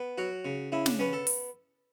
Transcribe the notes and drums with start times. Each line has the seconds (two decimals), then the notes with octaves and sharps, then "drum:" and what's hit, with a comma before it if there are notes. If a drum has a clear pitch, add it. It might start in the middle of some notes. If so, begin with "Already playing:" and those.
Already playing: B3
0.18 F#3 F#4
0.45 C#3
0.72 C#3 E4
0.86 D4, drum: snare
0.99 B3 C#4
1.13 A4
1.27 drum: open hi-hat